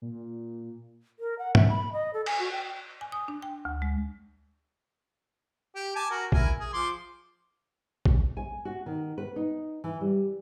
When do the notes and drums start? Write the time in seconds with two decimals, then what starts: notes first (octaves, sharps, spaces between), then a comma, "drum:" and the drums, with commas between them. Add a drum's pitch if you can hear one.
0.02 A#2
1.20 A#4
1.39 F#5
1.55 E5, drum: tom
1.69 B5
1.93 D#5
2.14 A4
2.26 G#5, drum: cymbal
2.39 F#4
2.52 G5
3.01 G#5
3.12 D#6
3.28 D4
3.42 G5
3.65 D2
3.82 G#3
5.75 G4
5.96 G#5 A5 D6
6.10 F#4 A#4
6.32 E4 A#4 G#5, drum: kick
6.60 G#4
6.73 F3 C6 D6
8.05 drum: kick
8.37 G#5
8.65 F#4
8.86 D#3
9.18 B4
9.36 D#4
9.84 E3
10.01 G3